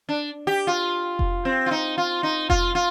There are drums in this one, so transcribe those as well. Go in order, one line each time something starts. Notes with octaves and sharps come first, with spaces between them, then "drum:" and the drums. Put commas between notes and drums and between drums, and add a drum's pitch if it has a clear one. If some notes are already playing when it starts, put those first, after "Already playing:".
D4
G4
F4
drum: kick F1
C4
F4
D#4
F4
D#4
F4, drum: kick F1
F4